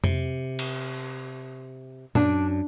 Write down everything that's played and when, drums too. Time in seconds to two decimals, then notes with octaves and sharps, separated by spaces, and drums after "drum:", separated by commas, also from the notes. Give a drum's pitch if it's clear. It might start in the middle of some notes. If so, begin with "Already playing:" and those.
0.04 C3, drum: tom F2
0.59 drum: cymbal
2.15 F#2 D4, drum: tom A#2